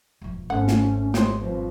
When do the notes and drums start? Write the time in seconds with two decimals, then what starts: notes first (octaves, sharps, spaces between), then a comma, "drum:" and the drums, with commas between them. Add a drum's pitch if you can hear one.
0.21 E1 F3
0.50 G#1 A3 C4 C#4 F#5
0.68 drum: snare
1.14 G#3 G4 C5 C#5 D#5, drum: snare
1.41 G2 B2 F3 C4